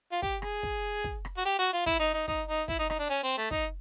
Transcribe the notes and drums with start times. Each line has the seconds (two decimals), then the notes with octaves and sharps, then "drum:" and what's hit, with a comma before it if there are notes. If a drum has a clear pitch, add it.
0.12 F4
0.22 G4, drum: kick
0.42 G#4, drum: rim click
0.63 drum: kick
1.04 drum: kick
1.25 drum: rim click
1.37 F#4
1.45 G4
1.59 F#4
1.73 F4
1.86 E4, drum: kick
2.00 D#4
2.14 D#4
2.28 D#4, drum: kick
2.48 D#4
2.68 E4, drum: kick
2.79 D#4
2.90 D#4, drum: rim click
2.99 D4
3.10 C#4
3.23 C4
3.38 A3
3.51 D#4, drum: kick